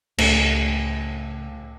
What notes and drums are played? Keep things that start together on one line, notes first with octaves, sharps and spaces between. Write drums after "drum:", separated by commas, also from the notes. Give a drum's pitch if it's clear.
C#2 A2 C#3 A3, drum: cymbal